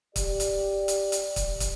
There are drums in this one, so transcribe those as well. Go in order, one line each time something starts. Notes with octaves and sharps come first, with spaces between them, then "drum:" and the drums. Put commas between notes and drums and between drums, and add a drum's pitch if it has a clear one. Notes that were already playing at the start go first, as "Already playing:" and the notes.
G4 D5, drum: kick, hi-hat
drum: hi-hat
drum: hi-hat
drum: hi-hat
drum: kick, hi-hat
drum: kick, hi-hat